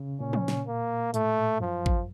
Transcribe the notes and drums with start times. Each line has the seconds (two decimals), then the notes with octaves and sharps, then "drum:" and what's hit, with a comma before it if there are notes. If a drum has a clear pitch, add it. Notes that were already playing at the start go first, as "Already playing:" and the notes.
Already playing: C#3
0.20 A#2 C#4
0.33 drum: tom
0.48 drum: snare
0.67 A#3
1.14 A2 A3, drum: hi-hat
1.60 F#2 F3
1.86 drum: kick